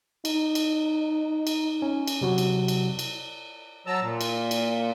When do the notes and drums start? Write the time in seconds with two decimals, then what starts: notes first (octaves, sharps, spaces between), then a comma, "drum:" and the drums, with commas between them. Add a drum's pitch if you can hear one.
0.25 D#4, drum: cymbal
0.55 drum: cymbal
1.47 drum: cymbal
1.82 C#4
2.08 drum: cymbal
2.21 C3 F#3 F#4
2.38 drum: cymbal
2.68 drum: cymbal
2.99 drum: cymbal
3.87 F#3 A5 A#5 E6
4.01 A#2
4.21 drum: cymbal
4.51 drum: cymbal